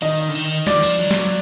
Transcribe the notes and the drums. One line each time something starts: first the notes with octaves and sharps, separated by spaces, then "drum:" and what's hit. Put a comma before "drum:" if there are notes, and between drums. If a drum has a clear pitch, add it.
D#3 D#5, drum: hi-hat
D3
D#3
drum: hi-hat
F3 D5, drum: snare
D#3
F3
F#3
drum: snare